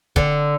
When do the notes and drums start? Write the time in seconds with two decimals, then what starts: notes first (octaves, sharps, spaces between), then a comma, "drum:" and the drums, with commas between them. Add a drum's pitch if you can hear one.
0.16 D3, drum: kick